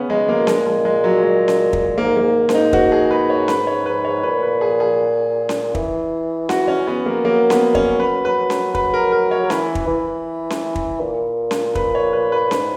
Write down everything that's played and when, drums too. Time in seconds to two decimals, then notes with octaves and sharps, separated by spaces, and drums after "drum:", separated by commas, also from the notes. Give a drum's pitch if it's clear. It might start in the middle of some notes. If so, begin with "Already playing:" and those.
Already playing: C#3 B3 C#4
0.10 G#3
0.29 A#3
0.38 B2
0.47 A#2 G#3, drum: snare C#4
0.66 G#3
0.85 G#3
1.04 F#3
1.23 G#3
1.48 drum: snare C#4
1.73 drum: kick
1.98 G#2 A#3
2.17 A#3
2.23 G#2
2.49 G#2, drum: snare C#4
2.54 D#4
2.73 G#2 F#4, drum: kick
2.92 G#4
3.11 B4
3.30 C#5
3.48 B4, drum: snare C#4
3.67 C#5
3.86 B4
4.05 C#5
4.23 A#2 B4
4.43 B4
4.61 G#4
4.80 G#4
5.49 drum: snare C#4
5.75 E3, drum: kick
6.49 F#4, drum: snare C#4
6.68 C#4
6.87 B3
7.06 A#3
7.25 F#3 A#3
7.50 B3, drum: snare C#4
7.75 C#4, drum: kick
8.00 B4
8.25 B4
8.50 drum: snare C#4
8.75 B4, drum: kick
8.94 A#4
9.12 A#4
9.31 C#5
9.44 A#4
9.50 E3 B4, drum: snare C#4
9.75 drum: kick
9.88 E3
10.50 drum: snare C#4
10.75 drum: kick
11.01 A#2
11.51 drum: snare C#4
11.75 B4, drum: kick
11.95 C#5
12.13 B4
12.32 B4
12.51 G#2, drum: snare C#4